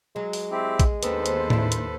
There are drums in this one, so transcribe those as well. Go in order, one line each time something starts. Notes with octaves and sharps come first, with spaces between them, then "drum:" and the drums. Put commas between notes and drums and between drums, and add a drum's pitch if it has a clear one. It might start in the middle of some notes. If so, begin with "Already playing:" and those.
F#3 G#3
drum: open hi-hat
C4 E4 G4
drum: kick, hi-hat
D#2 B3 C4 D4 A4 B4 C5, drum: hi-hat
drum: hi-hat
D4 E4, drum: tom A2
drum: hi-hat